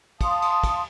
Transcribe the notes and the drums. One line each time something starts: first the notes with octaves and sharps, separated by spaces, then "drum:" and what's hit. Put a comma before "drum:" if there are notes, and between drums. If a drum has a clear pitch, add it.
F5 A5 C6 D#6, drum: kick, cymbal
drum: cymbal
drum: kick, cymbal